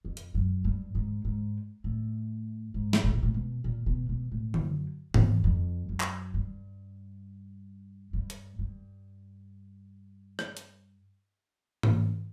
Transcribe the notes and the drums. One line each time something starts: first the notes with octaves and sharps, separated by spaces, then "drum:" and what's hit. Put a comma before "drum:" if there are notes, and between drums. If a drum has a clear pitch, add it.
F2
drum: hi-hat
F#2
G2
G#2
G#2
A2
G#2
drum: snare
A2
A#2
A2
B2
A#2
B2
B2
A2
F#2, drum: tom D3
E2, drum: tom G#2
F2
F#2
drum: clap
G2
G2
drum: hi-hat
G2
drum: rim click
drum: hi-hat
drum: tom G#2